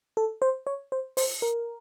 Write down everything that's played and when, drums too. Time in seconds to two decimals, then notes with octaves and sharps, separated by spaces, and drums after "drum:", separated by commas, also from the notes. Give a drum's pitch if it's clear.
0.17 A4
0.42 C5
0.67 C#5
0.92 C5
1.17 C5, drum: open hi-hat
1.42 A#4